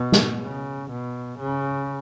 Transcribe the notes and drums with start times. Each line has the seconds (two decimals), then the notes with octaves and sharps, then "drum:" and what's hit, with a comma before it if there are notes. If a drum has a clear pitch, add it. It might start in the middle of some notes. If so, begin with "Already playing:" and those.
Already playing: B2
0.12 drum: snare
0.41 C#3
0.91 B2
1.39 C#3